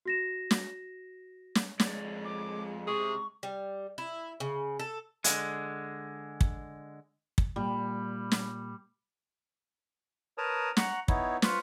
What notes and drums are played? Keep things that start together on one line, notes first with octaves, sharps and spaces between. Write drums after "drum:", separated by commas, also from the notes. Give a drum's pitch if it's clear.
F#4 A#6 E7
drum: snare
drum: snare
F2 G#3 C#5 D5, drum: snare
D6
C3 G#4 C#6
G3
E4
C#3
A4
D3 G#3, drum: hi-hat
drum: kick
drum: kick
A#2 G3
drum: snare
A#4 B4 C#5 A5 A#5 D#6
F#5 A#5 C#6 F#6, drum: snare
B3 D#4 E4 C#5, drum: kick
F4 B4 C5 C#6, drum: snare